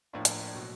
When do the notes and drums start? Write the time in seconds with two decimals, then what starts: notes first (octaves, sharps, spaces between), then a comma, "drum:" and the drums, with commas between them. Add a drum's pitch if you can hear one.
0.13 A2 F3 A#3 D4 F4
0.25 drum: hi-hat
0.55 B2 F#3